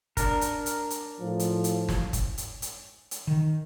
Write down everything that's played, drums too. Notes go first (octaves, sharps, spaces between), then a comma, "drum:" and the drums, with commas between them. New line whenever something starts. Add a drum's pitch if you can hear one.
D4 A#4, drum: kick, hi-hat
drum: hi-hat
drum: hi-hat
drum: hi-hat
A2 F3
drum: hi-hat
drum: hi-hat
drum: snare
drum: kick, hi-hat
drum: hi-hat
drum: hi-hat
drum: hi-hat
D#3